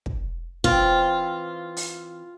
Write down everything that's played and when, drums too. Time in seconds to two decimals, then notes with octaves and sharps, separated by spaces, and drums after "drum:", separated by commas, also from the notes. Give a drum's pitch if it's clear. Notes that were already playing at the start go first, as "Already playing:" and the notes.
0.06 drum: kick
0.64 E3 C4 F4, drum: kick
1.77 drum: open hi-hat